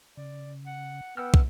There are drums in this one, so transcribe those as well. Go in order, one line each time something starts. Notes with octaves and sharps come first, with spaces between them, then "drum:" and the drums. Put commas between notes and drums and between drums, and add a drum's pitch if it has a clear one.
C#3 D5
F#5
B3 F#5 G5 E6 F6
drum: kick